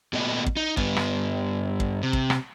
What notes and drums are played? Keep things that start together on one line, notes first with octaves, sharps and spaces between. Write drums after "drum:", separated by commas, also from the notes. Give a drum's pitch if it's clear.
A#2 A3 B3 D#5
drum: kick
D#4
G2 B3, drum: kick
drum: rim click
drum: kick
C3
drum: kick
drum: rim click